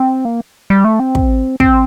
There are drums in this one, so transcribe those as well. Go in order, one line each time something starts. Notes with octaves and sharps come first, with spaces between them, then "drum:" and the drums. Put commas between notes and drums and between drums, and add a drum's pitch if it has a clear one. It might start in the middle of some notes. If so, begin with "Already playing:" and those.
Already playing: C4
A#3
G3
A3
C4
drum: kick
C4, drum: kick